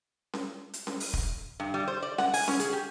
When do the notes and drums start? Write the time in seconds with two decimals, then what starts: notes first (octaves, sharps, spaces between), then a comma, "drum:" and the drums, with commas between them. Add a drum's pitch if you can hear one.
0.33 drum: snare C#4
0.73 drum: hi-hat
0.87 drum: snare C#4
1.00 drum: open hi-hat
1.14 drum: kick
1.60 G2
1.74 G3
1.88 C5
2.03 D5
2.18 F#5, drum: snare C#4
2.34 G#5, drum: open hi-hat
2.48 C#4, drum: snare C#4
2.60 G#4, drum: hi-hat
2.73 G4